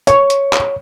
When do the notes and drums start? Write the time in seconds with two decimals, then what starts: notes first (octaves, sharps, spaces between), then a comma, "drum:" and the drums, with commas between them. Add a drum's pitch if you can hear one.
0.07 C#5 C#6, drum: hi-hat
0.30 drum: hi-hat
0.53 drum: clap